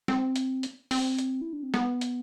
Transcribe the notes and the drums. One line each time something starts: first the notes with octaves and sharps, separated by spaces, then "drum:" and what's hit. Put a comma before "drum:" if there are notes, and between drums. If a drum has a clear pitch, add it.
C4, drum: snare
drum: hi-hat
drum: hi-hat
C4, drum: open hi-hat
drum: hi-hat
E4
D4
C4
B3, drum: snare
drum: hi-hat